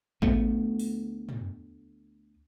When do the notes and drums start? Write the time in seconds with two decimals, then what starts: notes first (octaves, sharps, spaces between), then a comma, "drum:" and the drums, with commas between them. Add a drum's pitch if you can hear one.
0.22 D2 A3 B3, drum: kick A1
0.79 drum: open hi-hat
1.29 drum: tom